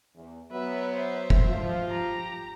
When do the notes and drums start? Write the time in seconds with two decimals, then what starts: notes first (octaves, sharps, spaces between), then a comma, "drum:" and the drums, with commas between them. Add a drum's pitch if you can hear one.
0.16 E2
0.52 F#3 B3 B4 E5
0.96 C5 E5
1.30 drum: kick F1
1.49 F3 F4
1.87 G4 A#5